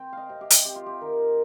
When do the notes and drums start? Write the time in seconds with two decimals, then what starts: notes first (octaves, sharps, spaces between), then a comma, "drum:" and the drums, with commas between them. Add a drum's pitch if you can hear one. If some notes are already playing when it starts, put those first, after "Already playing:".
Already playing: C4 G5
0.13 D#5 F5
0.30 C3
0.41 G4
0.50 drum: hi-hat
0.65 C3 G4
0.76 F4
0.86 G4
1.01 D#3 A#4